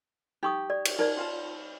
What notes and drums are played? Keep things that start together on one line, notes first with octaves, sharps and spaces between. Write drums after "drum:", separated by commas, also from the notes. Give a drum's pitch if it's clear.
D#4 G4 C#6 D#6
D5
drum: cymbal
D#4 A#4 D5
F4 F5 A5